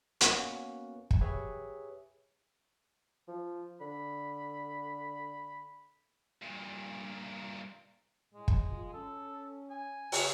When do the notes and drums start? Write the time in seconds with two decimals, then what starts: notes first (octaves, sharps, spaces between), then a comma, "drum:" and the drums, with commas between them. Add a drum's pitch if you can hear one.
0.21 A#3 B3 C#4 F#4, drum: hi-hat
1.11 drum: kick
1.21 G4 G#4 B4 C#5 E5
3.28 F3
3.81 D3 B5
6.42 G2 A#2
8.33 A2 G#3
8.48 drum: kick
8.70 F4
8.93 C#4 A4
9.70 G#5
10.12 C#3, drum: open hi-hat